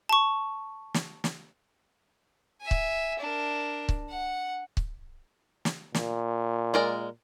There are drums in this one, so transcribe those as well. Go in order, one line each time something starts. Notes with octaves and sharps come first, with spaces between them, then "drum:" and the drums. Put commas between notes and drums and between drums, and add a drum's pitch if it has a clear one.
A5 C#6
drum: snare
drum: snare
E5 G#5
drum: kick C#1
D4 A#4
drum: kick C#1
F#5
drum: kick C#1
drum: snare
A#2, drum: snare
G#3 A#4 D5